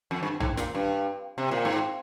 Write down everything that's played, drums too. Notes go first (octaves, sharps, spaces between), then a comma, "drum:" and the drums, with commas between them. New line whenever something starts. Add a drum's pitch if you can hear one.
F2
G2
G#2, drum: tom A#1
A#2, drum: snare
G2
C3
A#2
G#2